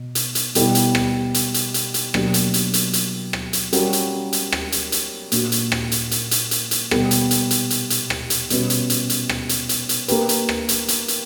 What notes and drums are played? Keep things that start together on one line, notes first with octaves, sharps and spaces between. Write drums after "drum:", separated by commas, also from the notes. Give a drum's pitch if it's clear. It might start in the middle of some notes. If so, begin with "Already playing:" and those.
Already playing: B2
drum: hi-hat
drum: hi-hat
B2 G3 B3 E4, drum: hi-hat
drum: hi-hat
drum: rim click
drum: hi-hat
drum: hi-hat
drum: hi-hat
drum: hi-hat
B2 F#3 A#3 D4 G4, drum: rim click
drum: hi-hat
drum: hi-hat
drum: hi-hat
drum: hi-hat
drum: rim click
drum: hi-hat
G3 C#4 F#4 A#4, drum: hi-hat
drum: hi-hat
drum: hi-hat
drum: rim click
drum: hi-hat
drum: hi-hat
A#2 A#3 D4 F#4, drum: hi-hat
drum: hi-hat
drum: rim click
drum: hi-hat
drum: hi-hat
drum: hi-hat
drum: hi-hat
drum: hi-hat
B2 G3 B3, drum: rim click
drum: hi-hat
drum: hi-hat
drum: hi-hat
drum: hi-hat
drum: hi-hat
drum: rim click
drum: hi-hat
B2 G3 C#4 F#4 B4, drum: hi-hat
drum: hi-hat
drum: hi-hat
drum: hi-hat
drum: rim click
drum: hi-hat
drum: hi-hat
drum: hi-hat
A#3 D4 G4 B4, drum: hi-hat
drum: hi-hat
drum: rim click
drum: hi-hat
drum: hi-hat
drum: hi-hat